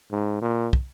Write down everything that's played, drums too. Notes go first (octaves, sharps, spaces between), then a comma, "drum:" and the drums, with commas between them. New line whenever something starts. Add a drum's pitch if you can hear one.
G#2
A#2
drum: kick